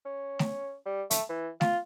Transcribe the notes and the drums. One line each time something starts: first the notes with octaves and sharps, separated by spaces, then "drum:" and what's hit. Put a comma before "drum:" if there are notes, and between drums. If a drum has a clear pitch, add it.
C#4
drum: snare A3
G3
A3, drum: hi-hat
E3
F4, drum: snare A3